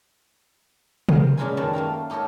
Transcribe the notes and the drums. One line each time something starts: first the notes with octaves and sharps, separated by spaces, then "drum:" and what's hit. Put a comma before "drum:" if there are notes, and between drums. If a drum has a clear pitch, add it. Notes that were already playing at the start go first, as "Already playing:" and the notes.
A#4 C5, drum: tom
A#2 C#3 G#3 F4 B4 G#5
F#2 D#3 F#3 G3 C#5 A5
A3 A#3 F4 A#5
D#4 G4 A4 A#4 C#5